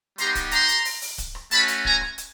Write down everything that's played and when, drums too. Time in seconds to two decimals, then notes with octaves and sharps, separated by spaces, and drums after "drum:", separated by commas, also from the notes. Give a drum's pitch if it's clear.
0.18 G3 B3 D#4 G4 A#5 C6, drum: hi-hat
0.35 drum: kick D1, hi-hat
0.51 A#5 C6, drum: hi-hat
0.68 drum: hi-hat
0.85 drum: open hi-hat
1.02 drum: open hi-hat
1.18 drum: kick D1, hi-hat
1.35 drum: rim click
1.51 A3 C#4 F#4 A5 B5, drum: hi-hat
1.68 drum: hi-hat
1.85 G#5 A#5, drum: kick D1
2.01 drum: rim click
2.18 drum: hi-hat